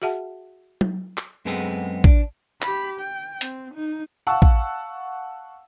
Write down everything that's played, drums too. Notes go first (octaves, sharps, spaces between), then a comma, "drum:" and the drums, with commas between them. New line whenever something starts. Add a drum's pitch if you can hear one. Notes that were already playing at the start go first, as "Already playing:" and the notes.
F#4 G#4 E5 F#5 A5
drum: tom F#3
drum: clap
F#2 G#3 B3 C4 G#4 A4
D4, drum: kick
G4 B5, drum: clap
G5
C4, drum: hi-hat
D#4
F5 F#5 A5 C#6 E6
drum: kick